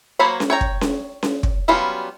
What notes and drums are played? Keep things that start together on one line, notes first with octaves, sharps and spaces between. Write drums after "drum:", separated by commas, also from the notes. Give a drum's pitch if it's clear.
F#3 A#3 C5 C#5 B5
drum: snare C#4
C#5 G5 A#5
drum: kick
drum: snare C#4
drum: snare C#4
drum: kick
F#3 G3 B3 C#4 F4